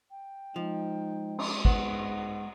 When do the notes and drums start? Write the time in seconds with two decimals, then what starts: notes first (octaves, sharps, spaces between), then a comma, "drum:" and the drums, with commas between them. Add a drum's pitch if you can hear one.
0.11 G5
0.56 F3 G#3 D#4
1.38 drum: cymbal
1.65 G#2 B3 F#5, drum: kick